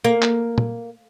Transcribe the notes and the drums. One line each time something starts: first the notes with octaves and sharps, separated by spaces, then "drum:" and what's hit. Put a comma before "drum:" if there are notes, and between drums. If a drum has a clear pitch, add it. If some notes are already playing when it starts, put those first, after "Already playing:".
A#3
drum: clap
drum: tom